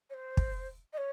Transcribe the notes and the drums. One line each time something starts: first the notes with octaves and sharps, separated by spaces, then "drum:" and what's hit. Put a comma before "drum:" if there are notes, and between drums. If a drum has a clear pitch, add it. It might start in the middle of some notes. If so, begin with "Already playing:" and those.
C#5
C5
drum: kick
D#5
C#5